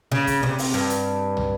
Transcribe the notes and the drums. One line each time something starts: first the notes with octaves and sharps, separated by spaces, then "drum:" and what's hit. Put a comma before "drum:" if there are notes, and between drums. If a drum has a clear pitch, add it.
C#3
drum: kick, hi-hat
C3
drum: open hi-hat
G2
drum: hi-hat
drum: tom